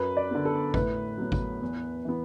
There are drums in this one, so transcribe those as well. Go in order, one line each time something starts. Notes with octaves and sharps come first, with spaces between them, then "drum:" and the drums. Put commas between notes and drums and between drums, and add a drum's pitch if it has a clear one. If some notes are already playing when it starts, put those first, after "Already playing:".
Already playing: F#2 B4
D5
D3 B3
A4
A2 B4, drum: kick G#1
F#3 B3
drum: kick G#1
E2
E3 B3